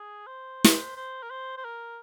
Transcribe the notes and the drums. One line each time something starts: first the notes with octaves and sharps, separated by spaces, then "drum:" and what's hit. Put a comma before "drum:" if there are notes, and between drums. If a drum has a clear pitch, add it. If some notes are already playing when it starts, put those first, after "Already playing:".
Already playing: G#4
C5
drum: snare
C5
A#4
C5
C5
A#4